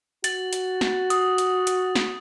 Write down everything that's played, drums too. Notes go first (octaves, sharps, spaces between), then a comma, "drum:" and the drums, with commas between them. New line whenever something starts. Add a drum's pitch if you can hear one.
F#4 A6 F#7, drum: hi-hat
drum: hi-hat
drum: snare
D#6, drum: hi-hat
drum: hi-hat
drum: hi-hat
drum: snare